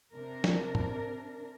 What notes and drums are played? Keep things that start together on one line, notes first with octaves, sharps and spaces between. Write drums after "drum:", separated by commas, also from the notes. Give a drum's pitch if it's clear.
C3 D4 A#4
drum: snare
drum: tom